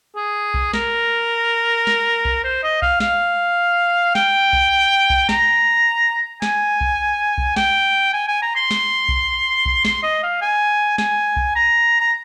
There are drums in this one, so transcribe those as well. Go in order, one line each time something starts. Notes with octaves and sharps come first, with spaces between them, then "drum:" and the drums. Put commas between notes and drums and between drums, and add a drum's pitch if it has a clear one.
G#4
drum: kick B1
A#4, drum: snare
drum: snare
drum: kick B1
C5
D#5
F5, drum: kick B1
F5, drum: snare
G5, drum: snare
drum: kick B1
drum: kick B1
A#5, drum: snare
G#5, drum: snare
drum: kick B1
drum: kick B1
G5, drum: snare
G#5
G#5
A#5
C6
drum: snare
drum: kick B1
drum: kick B1
C6, drum: snare
D#5
F5
G#5
G#5, drum: snare
drum: kick B1
A#5
A#5